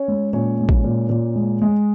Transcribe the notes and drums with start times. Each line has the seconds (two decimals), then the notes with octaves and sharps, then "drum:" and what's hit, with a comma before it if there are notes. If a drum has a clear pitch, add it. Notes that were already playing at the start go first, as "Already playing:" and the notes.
Already playing: C#4 C#5
0.08 G#3
0.33 A#2 C#4 C#5
0.59 G#3
0.69 drum: kick A1
0.84 A#2
1.09 A#2
1.36 G#3
1.62 G#3